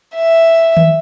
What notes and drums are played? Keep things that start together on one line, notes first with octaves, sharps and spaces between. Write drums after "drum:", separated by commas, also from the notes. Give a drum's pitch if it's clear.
E5
drum: tom D#3